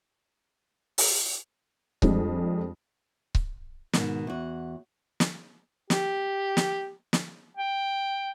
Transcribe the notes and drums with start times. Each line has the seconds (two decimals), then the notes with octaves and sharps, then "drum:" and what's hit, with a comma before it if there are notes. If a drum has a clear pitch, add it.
0.98 drum: open hi-hat
2.02 F2 G3 G#3 D4, drum: kick C#1
3.35 drum: kick C#1
3.93 G#2 B2 D#3, drum: snare
4.27 E2 F#4
5.20 drum: snare
5.90 G4, drum: snare
6.57 drum: snare
7.13 drum: snare
7.57 G5